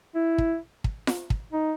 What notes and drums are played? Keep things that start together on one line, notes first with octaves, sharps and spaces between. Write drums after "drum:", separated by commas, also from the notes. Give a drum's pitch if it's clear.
E4
drum: kick
drum: kick
drum: snare F4
drum: kick
D#4